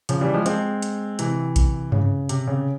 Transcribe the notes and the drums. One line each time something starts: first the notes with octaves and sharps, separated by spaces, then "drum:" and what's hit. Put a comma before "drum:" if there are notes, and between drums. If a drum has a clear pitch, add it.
C#3 F3, drum: hi-hat
E3 G3
F3 G#3
G#3 C4, drum: hi-hat
drum: hi-hat
C3 E3, drum: hi-hat
drum: kick A#1, hi-hat
C#3, drum: tom G2
C3, drum: hi-hat
C#3